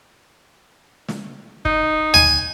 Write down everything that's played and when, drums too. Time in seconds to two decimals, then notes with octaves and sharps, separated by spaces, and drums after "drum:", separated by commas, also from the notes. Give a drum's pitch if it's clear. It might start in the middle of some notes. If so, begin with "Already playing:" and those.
1.08 drum: snare
1.65 D#4, drum: kick
2.14 G#5, drum: tom D2